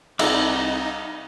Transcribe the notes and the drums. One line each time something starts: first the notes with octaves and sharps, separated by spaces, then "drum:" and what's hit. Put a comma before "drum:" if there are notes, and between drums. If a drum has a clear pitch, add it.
C2 D#4 E5 F5 B5 D6, drum: cymbal